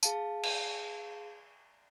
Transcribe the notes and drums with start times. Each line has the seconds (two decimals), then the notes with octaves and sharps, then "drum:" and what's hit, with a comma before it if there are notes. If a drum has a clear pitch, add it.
0.03 G#4 F5 A5, drum: tambourine
0.44 drum: cymbal